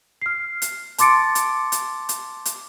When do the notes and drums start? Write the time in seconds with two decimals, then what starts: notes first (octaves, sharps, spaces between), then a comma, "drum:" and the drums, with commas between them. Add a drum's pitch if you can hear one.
0.22 F6 C7
0.62 drum: hi-hat
0.98 A5 C6 D6 A6 C#7 D7, drum: hi-hat
1.35 drum: hi-hat
1.72 drum: hi-hat
2.09 drum: hi-hat
2.45 drum: hi-hat